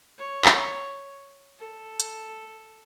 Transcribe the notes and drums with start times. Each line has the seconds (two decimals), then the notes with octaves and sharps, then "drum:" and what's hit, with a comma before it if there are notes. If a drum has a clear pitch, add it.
0.18 C#5
0.45 drum: clap
1.59 A4
2.00 drum: hi-hat